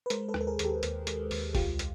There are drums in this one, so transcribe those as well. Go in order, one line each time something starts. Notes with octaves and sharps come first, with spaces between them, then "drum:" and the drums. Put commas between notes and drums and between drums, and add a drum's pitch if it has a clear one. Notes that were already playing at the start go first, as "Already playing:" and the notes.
B4
G#3 A#4 C5, drum: hi-hat
A4 B4
D#2, drum: rim click
A4
G#4 A#4
D#2, drum: hi-hat
G4 A4
D#2, drum: hi-hat
G#3, drum: hi-hat
D#2, drum: open hi-hat
C2 F4 G4, drum: kick, open hi-hat
drum: hi-hat